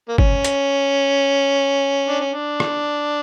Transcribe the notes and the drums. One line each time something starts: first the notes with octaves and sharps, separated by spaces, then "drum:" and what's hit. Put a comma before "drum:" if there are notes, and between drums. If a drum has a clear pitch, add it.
A#3
C#4, drum: kick G1
drum: hi-hat
D4
C#4
D4
drum: rim click